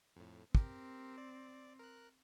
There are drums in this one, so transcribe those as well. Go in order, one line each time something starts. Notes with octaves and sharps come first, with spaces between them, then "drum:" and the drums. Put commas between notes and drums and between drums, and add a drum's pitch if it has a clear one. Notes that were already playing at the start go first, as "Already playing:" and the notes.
F2 A2
C4 G4 A#4, drum: kick
D5
A#4 F#6